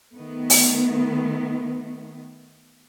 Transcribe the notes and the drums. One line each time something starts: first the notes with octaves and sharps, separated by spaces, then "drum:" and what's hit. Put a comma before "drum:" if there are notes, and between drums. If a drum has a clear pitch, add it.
D#3 A3 B3
drum: open hi-hat